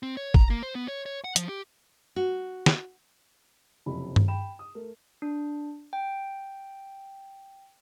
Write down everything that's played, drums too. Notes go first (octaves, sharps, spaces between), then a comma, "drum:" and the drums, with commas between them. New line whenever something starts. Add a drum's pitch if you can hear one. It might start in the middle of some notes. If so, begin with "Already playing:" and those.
C4
C#5
A#5, drum: kick
A#3
C5
B3
C#5
C#5
F#5
F3, drum: hi-hat
G4
F#4
drum: snare
F#1 F2 C3 B5
drum: tom G2
G5 B5 E7
D#6
A3 A#4
D4
G5